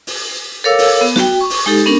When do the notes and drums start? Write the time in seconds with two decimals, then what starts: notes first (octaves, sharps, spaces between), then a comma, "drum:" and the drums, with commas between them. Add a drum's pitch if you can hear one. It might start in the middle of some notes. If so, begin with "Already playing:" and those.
0.07 drum: open hi-hat
0.64 A4 A#4 C#5 F5 D6 E6
0.79 drum: open hi-hat
1.01 B3
1.16 F#4 G5, drum: snare
1.41 C#6 D6
1.50 drum: open hi-hat
1.66 G#3 D#4 G4 A4
1.86 B3 C#4 D4 A#4